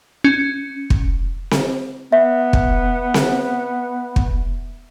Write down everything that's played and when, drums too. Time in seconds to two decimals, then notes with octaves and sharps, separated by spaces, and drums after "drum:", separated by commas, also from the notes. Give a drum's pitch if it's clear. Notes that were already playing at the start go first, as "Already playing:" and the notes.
0.24 C#4
0.90 drum: kick
1.51 drum: snare C4
2.12 B3 E5
2.53 drum: kick
3.14 drum: snare C4
4.16 drum: kick